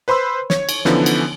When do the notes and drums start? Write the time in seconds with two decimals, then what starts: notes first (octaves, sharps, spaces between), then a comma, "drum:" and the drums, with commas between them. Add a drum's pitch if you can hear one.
0.08 B4 C5 B5 C6 E6
0.50 C#5, drum: snare
0.69 drum: cymbal
0.85 D3 E3 F3 B3 C#4 D#4, drum: snare
1.06 drum: cymbal